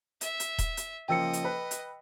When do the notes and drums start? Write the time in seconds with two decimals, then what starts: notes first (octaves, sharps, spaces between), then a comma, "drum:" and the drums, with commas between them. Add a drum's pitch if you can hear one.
0.21 E5, drum: hi-hat
0.40 drum: hi-hat
0.58 drum: kick D#1, hi-hat
0.77 drum: hi-hat
1.08 C#3 F3 A#3 D#5 G5 E6 C#7
1.33 drum: hi-hat
1.44 B4 B5
1.71 drum: hi-hat